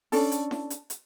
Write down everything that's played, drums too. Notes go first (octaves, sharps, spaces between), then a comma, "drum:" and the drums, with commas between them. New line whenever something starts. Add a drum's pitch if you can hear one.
C#4 D4 A4, drum: open hi-hat
drum: hi-hat
drum: snare E4
drum: hi-hat
drum: hi-hat